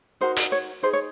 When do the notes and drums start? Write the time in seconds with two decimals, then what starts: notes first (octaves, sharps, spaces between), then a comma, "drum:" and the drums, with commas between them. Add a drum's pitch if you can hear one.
0.21 D#4 F#4 A#4 C5
0.36 drum: hi-hat
0.52 C#5
0.83 D#4 G#4 C5
0.93 C#5